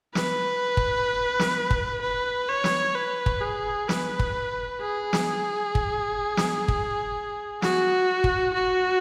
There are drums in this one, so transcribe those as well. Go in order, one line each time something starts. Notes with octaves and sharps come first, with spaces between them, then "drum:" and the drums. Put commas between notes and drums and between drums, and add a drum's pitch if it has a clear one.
B4, drum: snare
drum: kick
drum: snare
drum: kick
B4
C#5
drum: snare
B4
drum: kick
G#4
B4, drum: snare
drum: kick
G#4
drum: snare
drum: kick
drum: snare
drum: kick
F#4, drum: snare
drum: kick
F#4